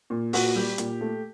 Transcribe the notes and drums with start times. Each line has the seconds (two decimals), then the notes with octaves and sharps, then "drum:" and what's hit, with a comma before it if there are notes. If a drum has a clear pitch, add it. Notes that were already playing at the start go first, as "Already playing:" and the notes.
0.10 A#2
0.33 A#2 F#4, drum: open hi-hat
0.55 G3 G4
0.78 A#2, drum: hi-hat
1.01 A3